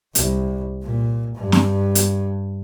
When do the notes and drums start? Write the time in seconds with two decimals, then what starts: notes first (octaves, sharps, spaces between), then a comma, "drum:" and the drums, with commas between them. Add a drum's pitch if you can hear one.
0.15 C2, drum: hi-hat
0.83 A#2
1.35 G2
1.52 drum: snare
1.95 drum: hi-hat